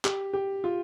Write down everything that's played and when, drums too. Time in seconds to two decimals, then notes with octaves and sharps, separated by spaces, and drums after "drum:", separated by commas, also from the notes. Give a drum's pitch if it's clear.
0.05 G4, drum: clap
0.33 G4
0.64 F4